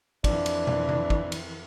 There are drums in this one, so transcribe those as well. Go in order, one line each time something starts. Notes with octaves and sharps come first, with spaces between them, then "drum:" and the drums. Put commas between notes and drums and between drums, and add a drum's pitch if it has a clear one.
F2 E3 D4, drum: kick, cymbal
drum: cymbal
drum: tom
drum: tom C3
drum: kick
drum: cymbal